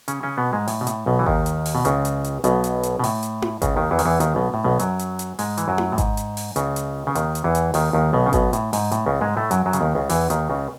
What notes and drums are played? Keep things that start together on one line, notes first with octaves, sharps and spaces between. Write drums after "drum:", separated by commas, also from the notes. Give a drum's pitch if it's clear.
C#3 C#4, drum: hi-hat
C#3 C#4
B2 B3
G#2 G#3
A2, drum: open hi-hat
B2
A2, drum: hi-hat
B1 B2
E3
D#2 D#3, drum: kick G#1
drum: hi-hat
drum: open hi-hat
B2
C#2 C#3, drum: hi-hat
drum: hi-hat
drum: hi-hat
B1 B2, drum: hi-hat
drum: hi-hat
drum: hi-hat
B2
A2, drum: open hi-hat
drum: hi-hat
drum: tom E4
C#2 C#3, drum: kick G#1, hi-hat
D#2 D#3
E2 E3
D#3, drum: open hi-hat
E2 E3
D#2 D#3, drum: hi-hat
B1 B2
A2
B1 B2
F#2 F#3, drum: hi-hat
drum: hi-hat
drum: hi-hat
G#2 G#3, drum: open hi-hat
E3, drum: hi-hat
F#2 F#3
drum: tom E4
A2
G#2, drum: kick G#1, hi-hat
drum: hi-hat
drum: open hi-hat
C#2 C#3, drum: hi-hat
drum: hi-hat
C#3
D#2 D#3, drum: hi-hat
drum: hi-hat
E2 E3
drum: hi-hat
D#2 D#3, drum: open hi-hat
D#2 D#3
B1 B2
C#3
B1 B2, drum: kick G#1, hi-hat
A2, drum: hi-hat
G#2, drum: open hi-hat
A2, drum: hi-hat
C#2 C#3
G#2 G#3
A2 A3
F#2 F#3, drum: hi-hat
F#2 F#3
C#3, drum: hi-hat
D#2 D#3
C#2 C#3
E2 E3, drum: open hi-hat
D#2 D#3, drum: hi-hat
C#2 C#3